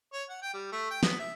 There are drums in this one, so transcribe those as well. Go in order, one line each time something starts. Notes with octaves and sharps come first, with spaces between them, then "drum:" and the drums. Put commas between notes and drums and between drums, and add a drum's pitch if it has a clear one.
C#5
F#5
G5
G3
A3
G5
B3, drum: snare
E5